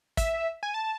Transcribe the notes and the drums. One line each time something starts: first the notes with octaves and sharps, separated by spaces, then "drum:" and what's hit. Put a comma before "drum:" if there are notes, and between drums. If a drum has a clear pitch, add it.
E5, drum: kick, hi-hat
G#5
A5